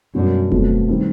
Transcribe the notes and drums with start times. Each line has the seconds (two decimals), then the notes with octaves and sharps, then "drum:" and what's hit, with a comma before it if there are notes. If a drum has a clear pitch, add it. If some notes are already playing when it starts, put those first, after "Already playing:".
0.15 F#2 B2 G3 A#3 D4
0.52 B2 F#3 A3 C4, drum: kick E1
0.89 D#3 G3 C4